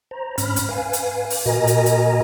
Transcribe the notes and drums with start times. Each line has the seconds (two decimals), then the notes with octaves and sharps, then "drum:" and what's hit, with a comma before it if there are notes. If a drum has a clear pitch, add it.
0.11 C5 A#5
0.38 G#2 C#4 B5 F6, drum: hi-hat
0.56 drum: hi-hat
0.69 B4 F5 G#5
0.93 drum: hi-hat
1.30 drum: open hi-hat
1.46 A#2 F#4 A#4 D#5 G#5 A#5
1.67 drum: hi-hat
1.86 drum: hi-hat